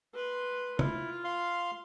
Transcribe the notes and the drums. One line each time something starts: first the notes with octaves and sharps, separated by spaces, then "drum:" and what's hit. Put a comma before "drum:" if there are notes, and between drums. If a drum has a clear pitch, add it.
B4 C6
E4 F4, drum: tom
F5 C6